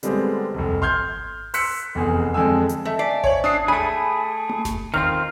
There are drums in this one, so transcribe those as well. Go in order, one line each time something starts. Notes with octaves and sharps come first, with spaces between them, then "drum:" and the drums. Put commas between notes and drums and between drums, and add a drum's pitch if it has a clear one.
D3 G3 G#3 B3 C4, drum: hi-hat
F1 C2
C6 F6 G6 G#6, drum: kick G#1
C6 E6 F#6 B6 C#7, drum: open hi-hat
F1 E2 G#4
F2 D3 G#3 G#5 E6
drum: hi-hat
A3 D#5 E5
D5 G#5 B6 C7
E5 F5
C5 C#5 G#6 F#7, drum: kick G#1
D4 D#6 F#6 C7
A3 G#4 B5
drum: tom A3
drum: snare F#1
D#3 C4 F4 F6